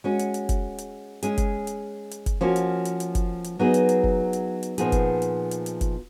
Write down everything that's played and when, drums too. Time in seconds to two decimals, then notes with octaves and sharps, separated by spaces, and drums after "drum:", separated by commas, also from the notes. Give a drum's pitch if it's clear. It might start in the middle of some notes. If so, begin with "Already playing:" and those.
0.04 G#3 C#4 F#4
0.19 drum: hi-hat
0.34 drum: hi-hat
0.49 drum: kick F#1, hi-hat
0.78 drum: hi-hat
1.23 G#3 C#4 G#4, drum: hi-hat
1.38 drum: kick F#1, hi-hat
1.67 drum: hi-hat
2.11 drum: hi-hat
2.26 drum: kick F#1, hi-hat
2.41 F3 A#3 C#4 F#4
2.56 drum: hi-hat
2.85 drum: hi-hat
3.00 drum: hi-hat
3.15 drum: kick F#1, hi-hat
3.44 drum: hi-hat
3.59 F#3 B3 D#4 G#4
3.74 drum: hi-hat
3.89 drum: hi-hat
4.04 drum: kick F#1
4.33 drum: hi-hat
4.63 drum: hi-hat
4.78 A#2 F3 B3 D#4 G#4, drum: hi-hat
4.92 drum: kick F#1, hi-hat
5.22 drum: hi-hat
5.51 drum: hi-hat
5.66 drum: hi-hat
5.81 drum: kick F#1, hi-hat